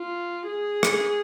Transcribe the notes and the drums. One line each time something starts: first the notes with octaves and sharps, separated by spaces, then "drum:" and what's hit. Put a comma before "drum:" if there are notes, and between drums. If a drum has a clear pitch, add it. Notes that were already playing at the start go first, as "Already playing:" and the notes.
Already playing: F4
G#4
drum: rim click